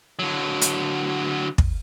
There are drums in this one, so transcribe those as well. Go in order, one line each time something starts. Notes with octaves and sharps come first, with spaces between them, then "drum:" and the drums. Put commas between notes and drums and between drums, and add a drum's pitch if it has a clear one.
D3 F#3
drum: hi-hat
drum: kick